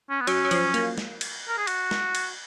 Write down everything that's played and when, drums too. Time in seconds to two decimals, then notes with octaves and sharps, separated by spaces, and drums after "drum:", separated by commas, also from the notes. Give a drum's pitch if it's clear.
0.10 C#4
0.21 B3
0.27 F#3 C#4, drum: cymbal
0.45 F#3
0.51 F3, drum: cymbal
0.74 A#3, drum: cymbal
0.98 drum: snare
1.21 drum: cymbal
1.48 A#4
1.58 G#4
1.67 F#4, drum: cymbal
1.91 drum: snare
2.15 drum: cymbal